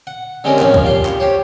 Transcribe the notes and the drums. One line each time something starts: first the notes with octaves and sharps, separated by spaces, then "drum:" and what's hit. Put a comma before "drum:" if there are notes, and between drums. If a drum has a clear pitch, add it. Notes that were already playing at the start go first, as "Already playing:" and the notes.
F#5
D3 G3 G#3 C4 C#4 A#4
D#2 A2 F3 A#3 C#4, drum: clap
drum: kick
G3 F4 C6
drum: clap
G4 C5 C#5